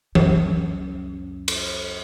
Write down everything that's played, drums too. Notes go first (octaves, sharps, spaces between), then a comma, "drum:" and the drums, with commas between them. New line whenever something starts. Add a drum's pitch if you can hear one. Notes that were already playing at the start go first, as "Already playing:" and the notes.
C#2 F#2, drum: tom E3
drum: cymbal